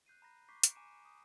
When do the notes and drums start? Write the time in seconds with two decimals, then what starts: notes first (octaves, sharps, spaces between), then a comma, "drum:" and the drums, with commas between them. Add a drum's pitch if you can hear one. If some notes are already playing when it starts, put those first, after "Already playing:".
0.06 F#6 G6 C7 D#7
0.22 A#5 B5 A#6
0.49 C#6 D6 G6 B6 C7
0.63 C#7 D7, drum: hi-hat
0.76 G#5 A#5 D6 D#7 E7
1.05 D#6